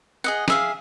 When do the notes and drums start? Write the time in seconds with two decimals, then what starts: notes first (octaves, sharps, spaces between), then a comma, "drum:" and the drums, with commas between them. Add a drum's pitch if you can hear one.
0.24 G#4 D#5 F#5
0.48 G#4 E5 F5, drum: snare